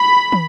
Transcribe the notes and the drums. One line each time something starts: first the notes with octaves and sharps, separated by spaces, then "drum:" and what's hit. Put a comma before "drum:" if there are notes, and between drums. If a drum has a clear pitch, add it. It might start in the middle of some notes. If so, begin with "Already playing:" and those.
Already playing: B5
drum: tom